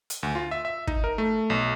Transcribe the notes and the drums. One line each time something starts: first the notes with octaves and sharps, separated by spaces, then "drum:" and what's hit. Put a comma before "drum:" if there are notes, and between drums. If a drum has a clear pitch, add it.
drum: hi-hat
D2
F4
E5
E5
D#4, drum: kick
A#4
A3
B1